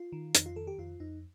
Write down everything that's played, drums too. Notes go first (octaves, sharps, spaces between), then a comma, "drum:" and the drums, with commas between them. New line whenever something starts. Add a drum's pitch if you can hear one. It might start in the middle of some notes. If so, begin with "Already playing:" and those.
Already playing: F4
D#3
F2 D#4, drum: hi-hat
F4
D#3 A4
G4
F2 F4
F2 D#4